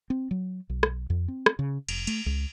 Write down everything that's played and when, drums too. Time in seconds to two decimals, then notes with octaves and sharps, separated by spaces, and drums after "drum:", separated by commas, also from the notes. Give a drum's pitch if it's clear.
0.10 C4
0.31 F#3
0.70 B1
0.83 drum: rim click
1.10 F2
1.28 C4
1.46 drum: rim click
1.59 C#3
1.89 F1, drum: cymbal
2.07 A3, drum: cymbal
2.26 C#2